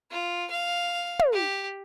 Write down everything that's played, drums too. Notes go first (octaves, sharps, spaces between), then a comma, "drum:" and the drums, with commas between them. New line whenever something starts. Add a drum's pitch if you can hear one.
F4
F5
drum: tom
G4